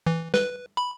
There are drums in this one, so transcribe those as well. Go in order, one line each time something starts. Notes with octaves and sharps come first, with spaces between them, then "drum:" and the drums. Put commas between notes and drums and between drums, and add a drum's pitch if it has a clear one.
E3
B4, drum: snare
B5